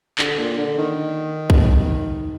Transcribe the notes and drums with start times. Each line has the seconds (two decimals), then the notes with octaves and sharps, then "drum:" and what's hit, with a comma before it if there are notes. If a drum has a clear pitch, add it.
0.19 D3, drum: clap
0.39 A#2
0.58 D3
0.78 D#3
1.50 drum: kick